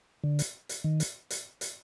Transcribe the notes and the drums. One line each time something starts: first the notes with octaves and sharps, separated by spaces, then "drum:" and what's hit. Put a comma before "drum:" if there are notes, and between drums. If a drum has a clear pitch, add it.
D3
drum: hi-hat
drum: hi-hat
D#3
drum: hi-hat
drum: hi-hat
drum: hi-hat